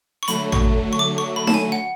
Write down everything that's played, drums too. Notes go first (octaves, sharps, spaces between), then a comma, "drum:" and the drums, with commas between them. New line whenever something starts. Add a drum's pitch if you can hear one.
C#6
D3 F#3 A3 B5, drum: hi-hat
C#6, drum: tom
C#6
D6
C#6
B5
A5, drum: snare D#4
G#5
F#5